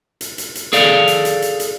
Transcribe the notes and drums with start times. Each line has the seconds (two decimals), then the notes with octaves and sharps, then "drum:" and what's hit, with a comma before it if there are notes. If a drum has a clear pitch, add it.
0.21 drum: hi-hat
0.38 drum: hi-hat
0.55 drum: hi-hat
0.73 G#4 A4 D5 F5, drum: hi-hat
1.07 drum: hi-hat
1.25 drum: hi-hat
1.42 drum: hi-hat
1.60 drum: hi-hat